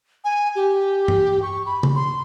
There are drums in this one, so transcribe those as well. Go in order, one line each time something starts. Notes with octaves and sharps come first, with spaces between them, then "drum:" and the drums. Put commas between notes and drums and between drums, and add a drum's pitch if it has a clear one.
G#5
G4
drum: tom G2
C#6
B5
drum: tom C#3
C6